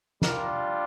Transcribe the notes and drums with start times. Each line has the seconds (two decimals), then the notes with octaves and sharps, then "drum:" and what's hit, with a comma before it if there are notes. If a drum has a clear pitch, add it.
0.22 G3 D4 F4 A#4, drum: snare